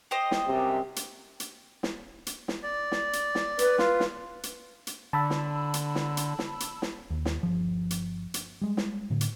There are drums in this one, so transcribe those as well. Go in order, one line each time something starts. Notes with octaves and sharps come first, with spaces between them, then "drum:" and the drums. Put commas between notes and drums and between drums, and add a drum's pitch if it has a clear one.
G4 C5 D#5
drum: snare
F#2 C3 G3
drum: hi-hat
drum: hi-hat
drum: snare
drum: hi-hat
drum: snare
D5
drum: snare
drum: hi-hat
drum: snare
B4, drum: hi-hat
F4, drum: snare
drum: snare
drum: hi-hat
drum: hi-hat
D3 A5 B5 E6
drum: snare
drum: hi-hat
drum: snare
drum: hi-hat
drum: snare
drum: hi-hat
drum: snare
D#2
drum: snare
G1 F3
drum: hi-hat
drum: hi-hat
G3 G#3
drum: snare
A2 D3
drum: hi-hat